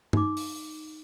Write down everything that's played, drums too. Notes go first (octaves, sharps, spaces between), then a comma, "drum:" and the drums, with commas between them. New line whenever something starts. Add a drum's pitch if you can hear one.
D#4 D6, drum: tom G2
drum: open hi-hat